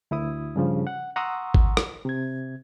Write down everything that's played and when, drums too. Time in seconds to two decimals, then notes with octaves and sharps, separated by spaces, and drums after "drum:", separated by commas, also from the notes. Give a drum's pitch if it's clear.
0.11 D2 E4 D#6
0.56 G2 C#3 F3
0.87 F#5
1.16 F#5 A#5 C6 C#6 D#6 E6
1.54 drum: kick G#1
1.77 drum: rim click
2.05 C3 G#6